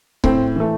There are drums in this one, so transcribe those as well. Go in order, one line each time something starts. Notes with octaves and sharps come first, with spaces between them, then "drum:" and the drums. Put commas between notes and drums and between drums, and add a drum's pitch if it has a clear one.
A2 C4, drum: kick C#1
E3 A3